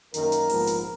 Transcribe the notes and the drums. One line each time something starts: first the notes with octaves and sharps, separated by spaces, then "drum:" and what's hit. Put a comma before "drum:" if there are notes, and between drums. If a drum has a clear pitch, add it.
F#2 D#3 A#3 A#4, drum: hi-hat
drum: hi-hat
A#1 G#2 F3 B3, drum: open hi-hat
drum: hi-hat